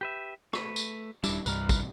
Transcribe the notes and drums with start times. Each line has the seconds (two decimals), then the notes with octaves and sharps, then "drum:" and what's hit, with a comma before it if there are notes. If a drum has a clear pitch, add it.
0.01 G4 B4 E5
0.53 A3 B4, drum: rim click
0.76 drum: tambourine
1.24 D#1 G3 D4 E4, drum: tambourine
1.46 C2 G2 B4 A#5 F6, drum: tambourine
1.69 drum: kick, tambourine